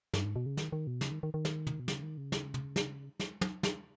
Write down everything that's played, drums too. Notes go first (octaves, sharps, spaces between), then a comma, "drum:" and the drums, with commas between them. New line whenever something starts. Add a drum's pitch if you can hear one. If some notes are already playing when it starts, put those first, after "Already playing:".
G2, drum: snare
G#2
B2
C#3
D#3, drum: snare
D#3
B2
C#3, drum: snare
D#3
D#3
D#3
drum: snare
drum: tom
B2
C#3, drum: snare
D#3
C#3
drum: snare
drum: tom
drum: snare
drum: snare
drum: tom
drum: snare